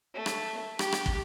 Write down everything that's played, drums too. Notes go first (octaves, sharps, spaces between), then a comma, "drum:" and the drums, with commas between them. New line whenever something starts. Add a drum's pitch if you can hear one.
A3
drum: rim click
G4, drum: rim click
drum: rim click
drum: kick